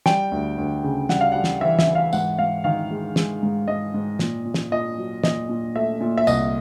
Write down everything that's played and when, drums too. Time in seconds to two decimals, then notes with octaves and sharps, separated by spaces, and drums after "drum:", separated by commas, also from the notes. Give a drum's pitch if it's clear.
0.06 G3 G5, drum: snare
0.32 D2
0.58 D2
0.84 C#3
1.09 G3 F#5, drum: snare
1.21 F5
1.32 G3 F#5
1.44 drum: snare
1.61 E3 E5
1.79 E5, drum: snare
1.87 E3
1.95 F5
2.13 G#2 F#5, drum: tambourine
2.39 G#2 F5
2.64 D#3 F5
2.91 G#3
3.16 G#3, drum: snare
3.43 G#2
3.68 G#2 D#5
3.94 G#2
4.19 A#2, drum: snare
4.45 A#2
4.54 drum: snare
4.72 A#2 D#5
4.98 F#3
5.24 A#2 D#5, drum: snare
5.49 A#2
5.75 A3 E5
6.01 A#2
6.17 E5
6.27 C2 D#5, drum: tambourine